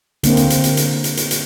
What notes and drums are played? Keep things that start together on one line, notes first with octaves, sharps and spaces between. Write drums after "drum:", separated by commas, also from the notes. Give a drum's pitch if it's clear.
D3 A#3 C4, drum: hi-hat
drum: hi-hat
drum: hi-hat
drum: hi-hat
drum: hi-hat
drum: hi-hat
drum: hi-hat
drum: hi-hat